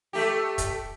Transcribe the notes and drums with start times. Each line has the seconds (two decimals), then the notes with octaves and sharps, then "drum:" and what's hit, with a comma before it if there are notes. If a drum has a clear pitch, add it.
0.13 A3 G4
0.58 drum: kick, hi-hat